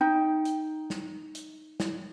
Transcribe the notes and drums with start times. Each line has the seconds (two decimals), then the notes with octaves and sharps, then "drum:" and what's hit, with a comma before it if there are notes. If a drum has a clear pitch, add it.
0.01 D#4 G5
0.45 drum: hi-hat
0.90 drum: snare
1.35 drum: hi-hat
1.80 drum: snare